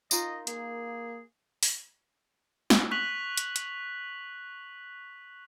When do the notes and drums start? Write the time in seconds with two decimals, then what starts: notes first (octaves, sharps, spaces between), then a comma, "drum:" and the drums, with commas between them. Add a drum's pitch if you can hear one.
0.11 D#4 F4 A#4 D#5, drum: tambourine
0.47 A#3 G#4, drum: hi-hat
1.63 drum: open hi-hat
2.70 drum: snare
2.91 C#6 F#6 B6 F7 F#7
3.37 drum: hi-hat
3.56 drum: hi-hat